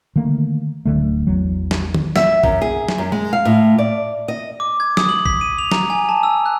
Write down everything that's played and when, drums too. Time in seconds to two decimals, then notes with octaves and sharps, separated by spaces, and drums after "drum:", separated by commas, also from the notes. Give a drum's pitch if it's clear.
0.16 D3 D#3 A3 A#3
0.85 D1 G#1 D3 A3
1.27 A1 E2 F#3
1.71 drum: snare
1.94 drum: tom
2.16 E5, drum: snare
2.43 F#2, drum: kick A1
2.61 G#4
2.88 drum: snare
2.98 F#2
3.12 G#3
3.33 F5
3.45 A2
3.78 D5
4.28 D#5
4.60 D6
4.80 G#6
4.97 D#6, drum: snare
5.09 F#7
5.26 B6, drum: kick A1
5.41 D#7
5.59 F7
5.71 A#5, drum: snare
5.90 G#5
6.09 A5
6.23 E6
6.46 F#6